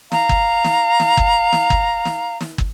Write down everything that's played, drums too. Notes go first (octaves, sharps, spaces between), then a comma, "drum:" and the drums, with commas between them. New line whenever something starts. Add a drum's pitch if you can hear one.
F5 A#5, drum: snare
drum: kick
drum: snare
drum: snare
drum: kick
drum: snare
drum: kick
drum: snare
drum: snare
drum: kick